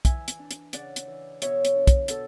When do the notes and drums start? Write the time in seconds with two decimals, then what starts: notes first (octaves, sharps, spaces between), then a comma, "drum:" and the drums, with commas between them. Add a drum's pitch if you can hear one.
0.05 E3 E5 G#5, drum: kick, hi-hat
0.28 drum: hi-hat
0.39 D4
0.51 drum: hi-hat
0.73 C#3 D5 F#5, drum: hi-hat
0.96 drum: hi-hat
1.08 E3
1.42 B2 C#5 E5, drum: hi-hat
1.65 drum: hi-hat
1.75 D4
1.87 drum: kick, hi-hat
2.08 B2 A4, drum: hi-hat